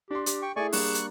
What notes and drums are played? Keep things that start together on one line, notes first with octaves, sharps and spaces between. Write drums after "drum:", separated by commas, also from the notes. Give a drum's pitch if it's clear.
D4 G4 C6
G4, drum: hi-hat
G5 C#6
A3 E4 G#4 D5 G#5 C#6
G3 A#3 D4 C#6 F#6, drum: open hi-hat
drum: hi-hat